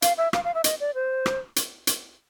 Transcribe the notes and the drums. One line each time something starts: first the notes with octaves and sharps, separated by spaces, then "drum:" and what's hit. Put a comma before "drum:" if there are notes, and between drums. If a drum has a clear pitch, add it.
F5, drum: hi-hat
E5
F5, drum: rim click
F5
E5
D#5, drum: hi-hat
D5
C5
drum: rim click
drum: hi-hat
drum: hi-hat